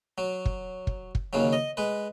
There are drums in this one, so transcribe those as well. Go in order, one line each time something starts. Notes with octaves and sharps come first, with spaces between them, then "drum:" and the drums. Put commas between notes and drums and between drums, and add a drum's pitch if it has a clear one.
F#3
drum: kick
drum: kick
drum: kick
D#2 C#3 F#3
D#5
G#3 B4